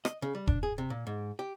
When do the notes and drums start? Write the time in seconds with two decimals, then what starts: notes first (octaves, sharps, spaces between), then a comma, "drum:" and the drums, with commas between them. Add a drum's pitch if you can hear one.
0.05 D#5, drum: rim click
0.22 C#3
0.35 G3
0.47 D4, drum: kick E1
0.63 G#4
0.78 C3
0.90 A#2
1.07 G#2
1.39 G4